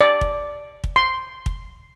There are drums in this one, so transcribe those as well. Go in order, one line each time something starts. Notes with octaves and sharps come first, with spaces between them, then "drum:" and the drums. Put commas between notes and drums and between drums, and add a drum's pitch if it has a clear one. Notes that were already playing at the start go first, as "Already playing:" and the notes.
D5
drum: kick
drum: kick
C6
drum: kick